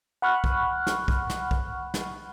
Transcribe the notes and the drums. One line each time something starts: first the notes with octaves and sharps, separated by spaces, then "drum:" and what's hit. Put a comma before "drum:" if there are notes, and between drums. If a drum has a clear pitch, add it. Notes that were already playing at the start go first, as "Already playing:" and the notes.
F#5 B5 C#6 F6 F#6
drum: kick B1
drum: snare
drum: kick B1
drum: snare
drum: kick B1
drum: snare